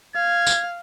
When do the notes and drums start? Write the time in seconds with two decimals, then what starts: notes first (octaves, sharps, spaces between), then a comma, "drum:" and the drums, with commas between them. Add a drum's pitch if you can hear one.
0.15 F5 G#6
0.47 drum: tambourine